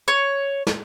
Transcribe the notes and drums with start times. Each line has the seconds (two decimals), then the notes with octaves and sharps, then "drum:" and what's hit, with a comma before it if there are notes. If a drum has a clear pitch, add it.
0.08 C#5
0.67 drum: snare